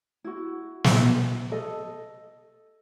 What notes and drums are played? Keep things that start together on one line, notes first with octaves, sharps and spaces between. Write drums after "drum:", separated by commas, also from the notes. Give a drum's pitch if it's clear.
E4 F#4
drum: snare
A4 D#5